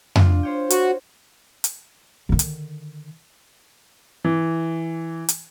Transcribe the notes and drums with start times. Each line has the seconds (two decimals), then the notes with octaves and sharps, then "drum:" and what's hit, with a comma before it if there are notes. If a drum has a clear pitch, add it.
0.15 D4 F4, drum: tom F2
0.43 C5 C#5 G5
0.70 F#4, drum: hi-hat
1.64 drum: hi-hat
2.29 D3 D#3
2.39 drum: hi-hat
4.25 E3
5.29 drum: hi-hat